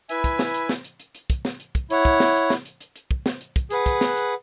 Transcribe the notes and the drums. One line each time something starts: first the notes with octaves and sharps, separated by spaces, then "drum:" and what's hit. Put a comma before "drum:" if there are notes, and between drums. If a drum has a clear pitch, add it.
E4 B4 E5 G#5, drum: hi-hat
drum: kick, hi-hat
drum: snare
drum: hi-hat
drum: snare
drum: hi-hat
drum: hi-hat
drum: hi-hat
drum: kick, hi-hat
drum: snare
drum: hi-hat
drum: kick, hi-hat
E4 C#5 F#5, drum: hi-hat
drum: kick, hi-hat
drum: snare
drum: hi-hat
drum: snare
drum: hi-hat
drum: hi-hat
drum: hi-hat
drum: kick
drum: snare
drum: hi-hat
drum: kick, hi-hat
G#4 B4 F#5, drum: hi-hat
drum: kick, hi-hat
drum: snare
drum: hi-hat